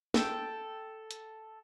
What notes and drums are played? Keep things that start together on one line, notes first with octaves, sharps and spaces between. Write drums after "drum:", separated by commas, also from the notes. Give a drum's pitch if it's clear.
A4 G5, drum: snare
drum: hi-hat